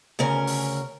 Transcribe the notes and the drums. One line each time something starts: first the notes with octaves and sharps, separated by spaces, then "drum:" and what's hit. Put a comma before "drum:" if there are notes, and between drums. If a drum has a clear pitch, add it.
D2 C#3 C#4 A#4
drum: open hi-hat